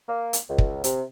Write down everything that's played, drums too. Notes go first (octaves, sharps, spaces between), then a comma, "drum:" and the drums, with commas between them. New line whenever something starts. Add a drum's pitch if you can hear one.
A#3
drum: hi-hat
C#2
drum: kick
C3, drum: hi-hat